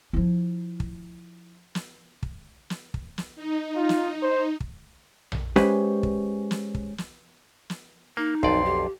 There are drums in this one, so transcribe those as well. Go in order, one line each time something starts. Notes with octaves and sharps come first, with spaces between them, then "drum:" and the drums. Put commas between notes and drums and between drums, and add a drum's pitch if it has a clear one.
F3 E4
drum: kick
drum: snare
drum: kick
drum: snare
drum: kick
drum: snare
D#4
F4
drum: snare
C5
drum: kick
drum: tom A#1
G#3 C#4 G4 B4 C5 G#5, drum: snare
drum: kick
drum: snare
drum: kick
drum: snare
drum: snare
A#3 D#4
B1 F2 D5 C6, drum: kick
G4